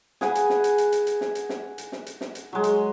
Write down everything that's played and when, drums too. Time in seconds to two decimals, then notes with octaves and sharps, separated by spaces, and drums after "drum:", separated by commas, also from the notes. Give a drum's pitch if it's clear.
0.21 G#4 B4 F#5 G#5, drum: snare
0.35 drum: hi-hat
0.50 drum: snare
0.64 drum: hi-hat
0.78 drum: hi-hat
0.92 drum: hi-hat
1.07 drum: hi-hat
1.21 drum: snare
1.35 drum: hi-hat
1.49 drum: snare
1.78 drum: hi-hat
1.92 drum: snare
2.06 drum: hi-hat
2.21 drum: snare
2.35 drum: hi-hat
2.53 F#3 G#3
2.64 drum: hi-hat